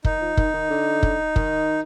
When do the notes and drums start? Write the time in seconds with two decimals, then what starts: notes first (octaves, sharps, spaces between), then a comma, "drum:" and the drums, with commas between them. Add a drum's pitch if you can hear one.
0.05 D#3 D#4, drum: kick
0.21 F3
0.37 D#3, drum: kick
0.54 D#3
0.70 D3
1.03 drum: kick
1.36 D#3, drum: kick